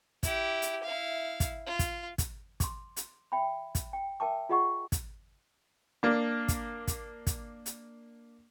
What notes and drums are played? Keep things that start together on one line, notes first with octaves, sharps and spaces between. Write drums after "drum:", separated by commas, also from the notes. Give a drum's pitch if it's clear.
E4 G4, drum: kick, hi-hat
drum: hi-hat
E4 F5
drum: kick, hi-hat
F4
drum: kick, hi-hat
drum: kick, hi-hat
C6 D6, drum: kick, hi-hat
drum: hi-hat
E5 G5 B5
drum: kick, hi-hat
G5
A#4 E5 G5 A5 D6
F4 G#4 D#5 F#5 C#6
drum: kick, hi-hat
A#3 D4
drum: kick, hi-hat
drum: kick, hi-hat
drum: kick, hi-hat
drum: hi-hat